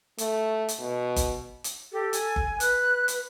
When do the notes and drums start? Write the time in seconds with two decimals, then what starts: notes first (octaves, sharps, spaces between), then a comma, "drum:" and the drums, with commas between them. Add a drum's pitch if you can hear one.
0.18 A3, drum: hi-hat
0.69 drum: hi-hat
0.79 B2
1.16 drum: kick G1, hi-hat
1.64 drum: hi-hat
1.92 G4 A4
2.13 G#5, drum: hi-hat
2.36 drum: kick G1
2.60 B4 F#6, drum: hi-hat
3.08 drum: hi-hat